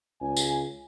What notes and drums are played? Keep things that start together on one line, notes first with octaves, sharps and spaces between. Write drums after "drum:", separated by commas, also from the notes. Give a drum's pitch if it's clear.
C#2 G#5
drum: tambourine